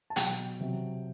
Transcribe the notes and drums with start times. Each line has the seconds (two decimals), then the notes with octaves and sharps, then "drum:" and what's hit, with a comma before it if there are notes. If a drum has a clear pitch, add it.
0.10 A5
0.16 B2 F#3 G5, drum: hi-hat
0.60 C3 F#3